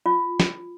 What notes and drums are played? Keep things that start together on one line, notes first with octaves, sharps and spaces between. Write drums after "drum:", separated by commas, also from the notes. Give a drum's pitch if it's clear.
F4
drum: snare